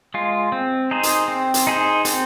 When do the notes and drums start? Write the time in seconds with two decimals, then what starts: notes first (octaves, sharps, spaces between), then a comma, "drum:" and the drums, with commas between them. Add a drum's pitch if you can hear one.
0.14 G#3 F4
0.52 C4
0.91 D#4 G#4 C5
1.03 drum: hi-hat
1.28 C4
1.54 drum: hi-hat
1.67 D#4 G#4 C5
2.05 C4, drum: hi-hat